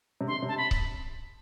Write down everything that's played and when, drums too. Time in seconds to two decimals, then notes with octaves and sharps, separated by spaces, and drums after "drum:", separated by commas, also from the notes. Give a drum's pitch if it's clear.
0.21 C3
0.28 D3 C6
0.42 C3
0.48 A5
0.58 B5
0.71 drum: kick C#1